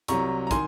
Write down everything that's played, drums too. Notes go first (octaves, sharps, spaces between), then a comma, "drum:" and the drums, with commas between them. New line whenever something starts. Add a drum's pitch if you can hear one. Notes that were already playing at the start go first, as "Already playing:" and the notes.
C2 C3 F#3 A#5 C#6, drum: hi-hat
A#5
D#3 G#5 C6, drum: kick, hi-hat